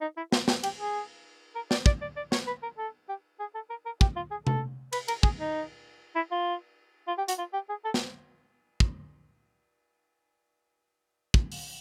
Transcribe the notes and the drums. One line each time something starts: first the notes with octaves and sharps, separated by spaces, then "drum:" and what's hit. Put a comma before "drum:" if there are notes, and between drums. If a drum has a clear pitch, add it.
D#4
E4
F4, drum: snare
G4, drum: snare
G4, drum: cymbal
G#4
A#4
D5, drum: snare
D5, drum: kick
D5
D5
C#5, drum: snare
B4
A#4
A4
G4
G#4
A4
A#4
A#4
G4, drum: kick
F4
G#4
A4, drum: tom C3
B4, drum: cymbal
A#4, drum: cymbal
G#4, drum: kick
D#4
E4
F4
F4
G4
F#4, drum: hi-hat
F4
G4
G#4
A4
drum: snare
drum: kick
drum: kick
drum: open hi-hat